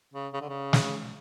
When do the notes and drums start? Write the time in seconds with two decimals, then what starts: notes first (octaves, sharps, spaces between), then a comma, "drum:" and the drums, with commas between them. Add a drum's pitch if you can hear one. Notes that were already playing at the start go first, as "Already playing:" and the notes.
0.14 C#3
0.33 C#3
0.41 D3
0.49 C#3
0.73 drum: snare